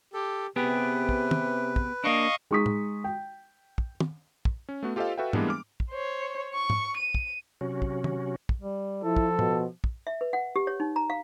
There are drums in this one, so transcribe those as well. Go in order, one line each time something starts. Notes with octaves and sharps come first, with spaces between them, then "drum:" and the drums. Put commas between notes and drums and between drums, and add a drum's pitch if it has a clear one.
G4 A4
C3 B3 G4 G#4 B4
drum: kick
drum: tom
drum: kick
A#3 D4 D#5 F5 C#6
G#3 D#4 C#6 D#6 B6
drum: tom
G5
drum: kick
drum: tom
drum: kick
C#4
A3 B3 F#4
F4 G4 A4 C5 D#5 F5
F#4 A4 B4 E5 F5 G5
E3 G3 G#3 A#3 B3 D4, drum: tom
D6 F6
drum: kick
C5 C#5
C#6
drum: tom
D#7
drum: kick
C3 F#3 C#4 F#4
drum: kick
drum: tom
drum: kick
G3
F3 E4 A4
drum: kick
B2, drum: tom
drum: kick
E5
B4
F#5
G4
C#5
D#4
A#5
F5